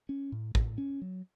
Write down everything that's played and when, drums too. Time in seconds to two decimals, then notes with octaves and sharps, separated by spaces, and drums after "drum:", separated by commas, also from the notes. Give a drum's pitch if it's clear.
0.09 C#4
0.32 A2
0.55 A2, drum: kick
0.78 C#4
1.02 F#3